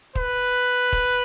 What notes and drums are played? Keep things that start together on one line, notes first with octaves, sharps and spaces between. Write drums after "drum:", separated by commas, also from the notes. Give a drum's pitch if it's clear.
B4, drum: kick
drum: kick